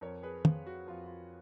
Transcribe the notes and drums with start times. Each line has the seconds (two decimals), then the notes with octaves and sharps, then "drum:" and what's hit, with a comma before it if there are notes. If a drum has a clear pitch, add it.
0.01 F2 A#4 C#5
0.23 G#4 B4
0.45 F2 F4, drum: tom
0.67 F#4
0.87 F2 F4
1.06 F4